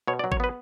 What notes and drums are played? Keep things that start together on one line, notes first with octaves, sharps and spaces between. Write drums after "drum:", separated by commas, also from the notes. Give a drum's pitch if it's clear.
B2 C#5
D5
F#3
C#5, drum: kick G#1
B3 B4